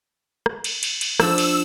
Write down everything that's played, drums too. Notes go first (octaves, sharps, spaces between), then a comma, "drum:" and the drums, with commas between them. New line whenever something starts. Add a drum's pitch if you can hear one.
drum: rim click
drum: cymbal
drum: cymbal
drum: cymbal
F3 D4 E6, drum: rim click
drum: cymbal